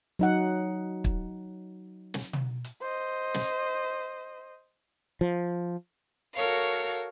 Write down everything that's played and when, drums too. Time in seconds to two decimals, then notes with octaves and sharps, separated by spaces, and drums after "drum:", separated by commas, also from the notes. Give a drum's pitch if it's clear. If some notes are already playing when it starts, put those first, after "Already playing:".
0.19 F#3 D#4 F#5
1.04 drum: kick
2.14 drum: snare
2.33 drum: tom
2.64 drum: hi-hat
2.81 C5 D#5
3.34 drum: snare
5.21 F3
6.35 F#4 A4 A#4 C#5 F5